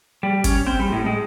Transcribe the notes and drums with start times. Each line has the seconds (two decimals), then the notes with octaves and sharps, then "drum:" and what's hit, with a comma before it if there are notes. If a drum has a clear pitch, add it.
0.23 G3
0.44 C#4, drum: kick, hi-hat
0.67 C4
0.80 G3
0.92 A2
1.06 G#3